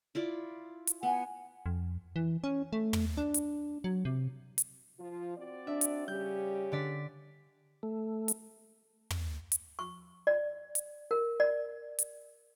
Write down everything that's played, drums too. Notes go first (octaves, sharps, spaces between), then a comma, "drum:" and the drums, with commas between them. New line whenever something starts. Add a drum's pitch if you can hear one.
E4 F4 D5
drum: hi-hat
B3 F#5 G#5
F2
E3
C#4
A3
drum: tom
D4
drum: hi-hat
F#3
C3
drum: hi-hat
F3 F4
C4 F#4 D5
D4 E5
drum: hi-hat
C#3 G3 C#4 G4 G6
D3 D5 B6
A3
drum: hi-hat
drum: tom
drum: hi-hat
C#6
D5
drum: hi-hat
A#4
D5
drum: hi-hat